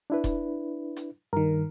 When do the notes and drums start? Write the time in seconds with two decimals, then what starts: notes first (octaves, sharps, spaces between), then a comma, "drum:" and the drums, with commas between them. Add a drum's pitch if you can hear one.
0.10 D4 E4 B4
0.24 drum: kick E1, hi-hat
0.96 drum: hi-hat
1.33 G2 D#3 A#4